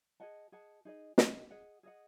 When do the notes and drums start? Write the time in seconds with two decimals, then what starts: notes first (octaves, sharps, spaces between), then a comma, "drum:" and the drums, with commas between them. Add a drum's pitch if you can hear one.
0.20 G#4 D#5 F#5 A5
0.52 G#4 D#5 F#5 A5
0.85 D#4 G#4 D#5
1.18 D#4 G#4 D#5, drum: snare
1.51 G#4 D#5 F#5
1.83 G#4 D#5 F#5